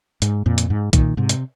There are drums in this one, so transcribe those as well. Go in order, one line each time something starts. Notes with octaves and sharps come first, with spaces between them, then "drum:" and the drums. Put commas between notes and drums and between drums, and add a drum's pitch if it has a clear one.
G#2, drum: hi-hat
F2 A#2
drum: hi-hat
G#2
A#2 D#3, drum: kick B1, hi-hat
G#2 C3
drum: hi-hat